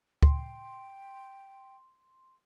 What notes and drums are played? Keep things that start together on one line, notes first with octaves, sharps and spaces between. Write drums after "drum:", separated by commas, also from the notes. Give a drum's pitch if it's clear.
G5 C6, drum: kick D2